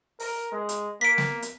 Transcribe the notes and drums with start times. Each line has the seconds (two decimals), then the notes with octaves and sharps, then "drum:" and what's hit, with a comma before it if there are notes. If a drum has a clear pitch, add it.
0.20 A#4, drum: open hi-hat
0.52 G#3
0.69 drum: hi-hat
1.01 A#3 B6 D7
1.18 drum: snare
1.42 drum: hi-hat